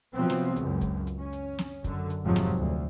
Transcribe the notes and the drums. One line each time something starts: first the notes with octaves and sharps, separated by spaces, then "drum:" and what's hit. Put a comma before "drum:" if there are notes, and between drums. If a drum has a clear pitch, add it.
C3 F3 F#3 B3 C4
drum: snare
C#2 F#2, drum: hi-hat
drum: kick, hi-hat
drum: hi-hat
C#4
drum: hi-hat
drum: snare
F#2 D3, drum: kick, hi-hat
drum: hi-hat
F1 G#2 C3 F3 F#3
drum: snare
D2